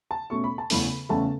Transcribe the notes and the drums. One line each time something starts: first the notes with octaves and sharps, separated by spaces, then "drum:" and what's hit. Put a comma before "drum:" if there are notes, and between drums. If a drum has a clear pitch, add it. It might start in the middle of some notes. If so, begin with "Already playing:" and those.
A5
B2 A3 C#4 C#6
B5
A5
E2 C#3 E3 A3 C#4 B5, drum: open hi-hat
E2 C#3 A3 C#4 A5